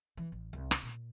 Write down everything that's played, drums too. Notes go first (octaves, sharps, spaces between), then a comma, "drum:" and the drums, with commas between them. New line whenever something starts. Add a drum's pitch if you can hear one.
E3
A1
C2
drum: rim click
A#2